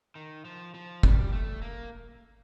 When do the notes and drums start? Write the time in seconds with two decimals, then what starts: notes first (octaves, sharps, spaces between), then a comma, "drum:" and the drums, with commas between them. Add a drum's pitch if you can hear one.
0.15 D#3
0.45 F3
0.74 F3
1.03 G3, drum: kick
1.33 A3
1.62 A#3